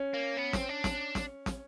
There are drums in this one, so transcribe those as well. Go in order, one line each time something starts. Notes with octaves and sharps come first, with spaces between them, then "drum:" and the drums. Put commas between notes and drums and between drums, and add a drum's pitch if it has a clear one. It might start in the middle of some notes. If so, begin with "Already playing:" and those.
Already playing: C#4
A#3
B3
C4, drum: snare
D4
drum: snare
drum: snare
drum: snare